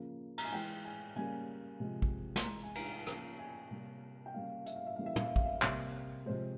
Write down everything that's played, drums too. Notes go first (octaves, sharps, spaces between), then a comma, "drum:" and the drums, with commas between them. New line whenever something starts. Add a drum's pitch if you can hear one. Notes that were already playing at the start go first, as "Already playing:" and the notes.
Already playing: C#3 F3 A#3
A#5, drum: cymbal
G#5
E3 G#3 G5
G#5
C#3 G3 A#3 G#5
C3 F3 G#3
drum: kick
C6, drum: snare
E3 G#3 A#5
G#5
A#5, drum: cymbal
C#3 F3 A#3 A#5, drum: rim click
G#5
C3 G3 A#3
G5
C#3 G3 A#3 F5
E5, drum: hi-hat
F5
E5
C#3 E3 G3 A#3 F5
E5
F5, drum: tom
E5
F5, drum: kick
E5
F5
C3 G3 A#3 E5, drum: clap
C3 F3 G#3 C5